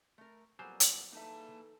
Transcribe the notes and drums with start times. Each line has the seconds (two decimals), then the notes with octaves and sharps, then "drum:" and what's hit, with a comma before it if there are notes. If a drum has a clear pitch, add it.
0.18 A3 A#4
0.59 F2 A#2 F#3 G3 B3 C5 G#5
0.80 drum: hi-hat
1.12 E3 A#3 D#4 A4 E5 A5